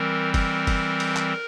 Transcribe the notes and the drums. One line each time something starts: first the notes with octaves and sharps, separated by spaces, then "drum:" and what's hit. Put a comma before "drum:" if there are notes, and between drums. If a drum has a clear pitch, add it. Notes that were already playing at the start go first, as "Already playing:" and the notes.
Already playing: E3 G3 C4 A#4
A#4, drum: kick, cymbal
drum: kick, cymbal
drum: cymbal
drum: clap